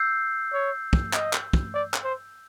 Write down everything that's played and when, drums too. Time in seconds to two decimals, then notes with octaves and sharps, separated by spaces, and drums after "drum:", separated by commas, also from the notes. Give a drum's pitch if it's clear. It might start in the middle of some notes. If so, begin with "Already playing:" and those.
Already playing: E6 G6 C7
0.53 C#5
0.93 drum: kick
1.13 D#5, drum: clap
1.33 drum: clap
1.53 drum: kick
1.74 D5
1.94 drum: clap
2.04 C5